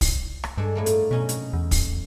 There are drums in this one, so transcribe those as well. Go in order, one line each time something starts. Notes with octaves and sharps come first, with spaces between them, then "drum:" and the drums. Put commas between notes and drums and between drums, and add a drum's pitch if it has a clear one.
C2, drum: kick, open hi-hat
drum: rim click
G2 G#3 D4 A4
A2 A3 A#3
drum: hi-hat
B2 F#3 C#4 D#4
drum: hi-hat
E2
drum: kick, open hi-hat